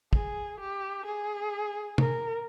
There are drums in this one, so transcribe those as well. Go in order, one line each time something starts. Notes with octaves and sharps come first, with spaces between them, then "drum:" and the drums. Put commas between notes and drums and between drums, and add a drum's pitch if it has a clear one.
G#4, drum: kick
G4
G#4
A#4, drum: tom